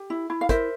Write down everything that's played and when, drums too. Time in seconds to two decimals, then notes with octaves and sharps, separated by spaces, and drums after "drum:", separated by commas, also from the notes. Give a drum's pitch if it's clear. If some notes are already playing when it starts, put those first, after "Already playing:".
Already playing: G4
0.10 E4
0.30 E4
0.41 F5
0.49 A#4 C5 E5, drum: kick, hi-hat